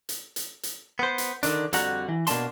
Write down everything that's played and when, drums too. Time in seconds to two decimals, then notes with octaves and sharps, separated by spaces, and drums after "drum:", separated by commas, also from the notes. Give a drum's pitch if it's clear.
0.09 drum: hi-hat
0.36 drum: hi-hat
0.63 drum: hi-hat
0.99 B3 C5
1.18 drum: hi-hat
1.43 D3 D#3 D4, drum: hi-hat
1.73 F2 D3 G3 F#4 F#5 A#5, drum: hi-hat
2.09 E3
2.27 B2 A#3 D4 A5 C6, drum: hi-hat